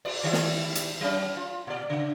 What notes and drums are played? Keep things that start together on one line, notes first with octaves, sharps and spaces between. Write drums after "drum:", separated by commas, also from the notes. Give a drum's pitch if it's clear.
D5, drum: cymbal
D#3 G3 E4
drum: snare
drum: hi-hat
F#3 C#4
F4
A#2 D5
C#3